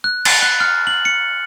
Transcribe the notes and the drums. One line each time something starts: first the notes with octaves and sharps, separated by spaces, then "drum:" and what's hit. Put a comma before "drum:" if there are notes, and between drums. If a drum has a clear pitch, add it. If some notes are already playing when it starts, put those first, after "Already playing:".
F#6
A6, drum: cymbal
F#6
F6
F#7
C#7